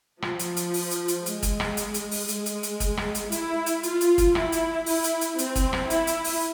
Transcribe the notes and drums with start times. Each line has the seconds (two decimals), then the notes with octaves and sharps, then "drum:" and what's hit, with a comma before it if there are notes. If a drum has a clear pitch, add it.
0.22 F3, drum: rim click
0.39 drum: hi-hat
0.56 drum: hi-hat
0.74 drum: open hi-hat
0.91 drum: hi-hat
1.08 drum: hi-hat
1.26 G#3, drum: hi-hat
1.43 drum: kick, hi-hat
1.60 drum: rim click
1.77 drum: hi-hat
1.94 drum: hi-hat
2.11 drum: open hi-hat
2.28 G#3, drum: hi-hat
2.46 drum: hi-hat
2.63 drum: hi-hat
2.80 drum: kick, hi-hat
2.97 drum: rim click
3.15 drum: hi-hat
3.32 E4, drum: hi-hat
3.66 drum: hi-hat
3.83 F4, drum: hi-hat
4.01 drum: hi-hat
4.18 drum: kick, hi-hat
4.35 E4, drum: rim click
4.52 drum: hi-hat
4.86 E4, drum: open hi-hat
5.04 drum: hi-hat
5.21 drum: hi-hat
5.38 C4, drum: hi-hat
5.56 drum: kick, hi-hat
5.73 drum: rim click
5.90 E4, drum: hi-hat
6.07 drum: hi-hat
6.24 drum: open hi-hat